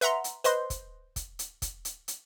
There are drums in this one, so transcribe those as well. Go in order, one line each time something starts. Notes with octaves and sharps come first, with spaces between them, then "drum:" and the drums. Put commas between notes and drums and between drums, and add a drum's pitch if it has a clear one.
B4 E5 F#5 A#5 C6, drum: hi-hat
drum: hi-hat
B4 C5 D#5 C6, drum: hi-hat
drum: kick, hi-hat
drum: kick, hi-hat
drum: hi-hat
drum: kick, hi-hat
drum: hi-hat
drum: hi-hat